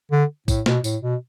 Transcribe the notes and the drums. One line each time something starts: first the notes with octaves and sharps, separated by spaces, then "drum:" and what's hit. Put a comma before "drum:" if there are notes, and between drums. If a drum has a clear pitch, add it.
D3
A2, drum: kick, tambourine
B2, drum: snare
A2, drum: tambourine
B2